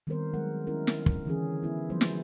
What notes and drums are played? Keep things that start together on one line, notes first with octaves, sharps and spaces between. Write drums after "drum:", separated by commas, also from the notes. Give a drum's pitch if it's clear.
D#3 G3 B3 C4 A#4 C5
F#3 G#3 A#4 F#5
C#4 E4 A#4
drum: snare
drum: kick
D3 E3 C#4 G#4
B3 E4
F3 F#3 G#3 B3 C5
drum: snare